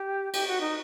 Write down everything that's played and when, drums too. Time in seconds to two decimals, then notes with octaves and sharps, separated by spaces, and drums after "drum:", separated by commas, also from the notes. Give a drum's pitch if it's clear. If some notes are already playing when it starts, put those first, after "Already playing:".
Already playing: G4
0.33 G4, drum: cymbal
0.47 F#4
0.61 D#4